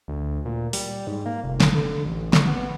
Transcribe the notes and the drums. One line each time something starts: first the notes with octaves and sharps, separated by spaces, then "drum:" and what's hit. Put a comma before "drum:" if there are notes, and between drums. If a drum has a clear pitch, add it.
D2
A#2
G3, drum: open hi-hat
G#2
A#3
F1
drum: snare
D3
A1
drum: snare
B3